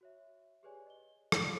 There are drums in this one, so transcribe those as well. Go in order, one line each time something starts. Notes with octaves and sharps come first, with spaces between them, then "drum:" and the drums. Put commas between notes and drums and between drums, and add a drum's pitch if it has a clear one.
F#4 C#5 E5
G4 G#4 B4 C#5 D5 G#5
D#5 G7
C#5 C6, drum: rim click